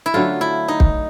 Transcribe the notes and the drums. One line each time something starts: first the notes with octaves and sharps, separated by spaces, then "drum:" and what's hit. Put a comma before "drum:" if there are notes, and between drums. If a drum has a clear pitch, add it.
E4
D3 F#3 A3 F4
E4
D#4
drum: kick